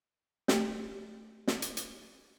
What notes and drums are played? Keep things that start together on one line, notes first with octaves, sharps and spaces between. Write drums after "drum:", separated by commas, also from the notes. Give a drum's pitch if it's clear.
A3 G4, drum: snare
drum: snare
drum: hi-hat
drum: hi-hat